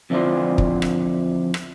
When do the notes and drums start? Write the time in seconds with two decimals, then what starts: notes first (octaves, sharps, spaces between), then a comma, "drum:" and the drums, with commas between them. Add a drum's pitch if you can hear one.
0.10 F2 D3 E3 F3 D4 C5
0.58 drum: kick
0.82 drum: rim click
1.54 drum: rim click